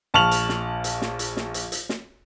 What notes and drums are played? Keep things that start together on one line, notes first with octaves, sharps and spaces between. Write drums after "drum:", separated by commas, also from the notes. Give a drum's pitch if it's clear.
A#1 A5 C#6 F6 F7 F#7
drum: hi-hat
drum: snare
drum: hi-hat
drum: snare
drum: hi-hat
drum: snare
drum: hi-hat
drum: hi-hat
drum: snare